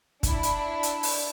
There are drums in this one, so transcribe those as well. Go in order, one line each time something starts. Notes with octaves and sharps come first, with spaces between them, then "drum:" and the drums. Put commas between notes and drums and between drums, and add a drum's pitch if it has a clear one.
D4 E4, drum: kick, hi-hat
drum: hi-hat
drum: hi-hat
drum: open hi-hat